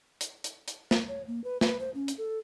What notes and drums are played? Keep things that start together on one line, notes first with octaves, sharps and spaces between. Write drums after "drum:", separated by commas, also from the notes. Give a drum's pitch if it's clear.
drum: hi-hat
drum: hi-hat
drum: hi-hat
drum: snare
C#5
A#3
B4
B4, drum: snare
C5
C#4
drum: hi-hat
A4